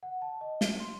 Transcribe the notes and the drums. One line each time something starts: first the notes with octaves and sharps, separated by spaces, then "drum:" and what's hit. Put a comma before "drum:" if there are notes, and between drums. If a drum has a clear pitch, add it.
F#5
A5
D#5
G7, drum: snare
C6